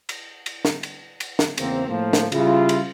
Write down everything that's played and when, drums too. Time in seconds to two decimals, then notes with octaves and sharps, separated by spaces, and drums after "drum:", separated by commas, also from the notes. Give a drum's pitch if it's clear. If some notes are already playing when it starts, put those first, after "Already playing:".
0.09 drum: cymbal
0.46 drum: cymbal
0.65 drum: snare
0.83 drum: cymbal
1.20 drum: cymbal
1.39 drum: snare
1.58 E2 C#3 A#3 C4, drum: cymbal
1.87 A2 F3 A#3
2.13 drum: snare
2.32 C#3 G3 E4 F4, drum: cymbal
2.69 drum: cymbal